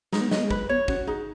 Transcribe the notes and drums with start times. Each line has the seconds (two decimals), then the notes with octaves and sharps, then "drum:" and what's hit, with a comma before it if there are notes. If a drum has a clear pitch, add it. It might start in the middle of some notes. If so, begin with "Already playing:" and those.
0.13 G#3 D#4, drum: snare
0.21 B3
0.28 G#3
0.31 B3 D#5, drum: snare
0.44 G#3
0.50 B4, drum: kick
0.69 B3 C#5
0.88 C#4 F#4, drum: kick
1.07 D#4 G#4